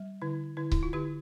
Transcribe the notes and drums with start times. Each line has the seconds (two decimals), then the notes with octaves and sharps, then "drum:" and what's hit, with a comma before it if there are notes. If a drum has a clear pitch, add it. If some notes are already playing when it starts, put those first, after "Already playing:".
Already playing: G3
0.22 D3 E4
0.57 D3 E4
0.72 E4, drum: kick C#1
0.83 F4
0.93 D3 E4 G4